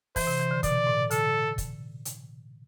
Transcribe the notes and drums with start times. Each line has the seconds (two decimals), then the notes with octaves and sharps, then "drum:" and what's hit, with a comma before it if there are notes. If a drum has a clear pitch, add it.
0.16 E3 C5, drum: kick, open hi-hat
0.27 C3
0.40 E3
0.51 D3
0.63 B2 D5, drum: kick, hi-hat
0.87 A2
1.11 D3 A4, drum: hi-hat
1.58 drum: kick, hi-hat
2.05 drum: hi-hat